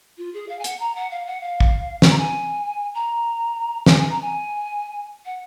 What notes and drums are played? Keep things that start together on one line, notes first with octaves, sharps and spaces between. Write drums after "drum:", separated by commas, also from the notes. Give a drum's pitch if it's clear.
F4
G#4
F5
G#5
F#5, drum: hi-hat
A#5
F#5
F5
F#5
F5
drum: kick
G#5, drum: snare
A#5
G#5
A#5
G#5, drum: snare
G#5
A#5
G#5
F#5